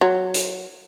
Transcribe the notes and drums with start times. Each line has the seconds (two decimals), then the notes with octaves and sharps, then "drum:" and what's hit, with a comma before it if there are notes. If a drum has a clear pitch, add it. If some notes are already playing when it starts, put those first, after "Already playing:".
0.01 F#3
0.34 drum: hi-hat